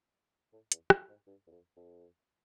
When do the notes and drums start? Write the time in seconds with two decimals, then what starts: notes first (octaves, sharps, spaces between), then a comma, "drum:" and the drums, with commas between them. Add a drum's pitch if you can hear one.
0.53 A2
0.72 E2, drum: hi-hat
0.90 F2, drum: rim click
1.09 G#2
1.27 G2
1.47 E2
1.52 F2
1.76 F2